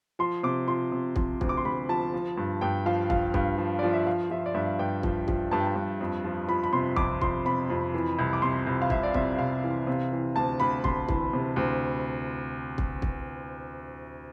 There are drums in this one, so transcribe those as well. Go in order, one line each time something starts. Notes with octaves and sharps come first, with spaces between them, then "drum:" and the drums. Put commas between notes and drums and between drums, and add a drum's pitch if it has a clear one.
F3 C6
C3 D6
F3 C6
C3
F3, drum: kick
D2, drum: kick
D6
C6
D2 B5
F3 A5
F3
G2
G2 G5
F3 F5
F3 F5, drum: kick
G2, drum: kick
F3
F3 D5
E5
F3 F5
F3 E5
D5
G2 E5
G2 G5
F3, drum: kick
F3, drum: kick
G2 A5
G5
A5
G2
F2
F3
F3 B5
B5
C3 C6
F2 D6, drum: kick
F2 C6, drum: kick
C3 B5
F2
E3
C2
D6
C3 C6
C2
F5
C2 E5, drum: kick
D5
C3 E5, drum: kick
C2 F5
E3
C3
E3
D2 A5
D2 B5
D2 C6, drum: kick
E3, drum: kick
C3
D2
drum: kick
drum: kick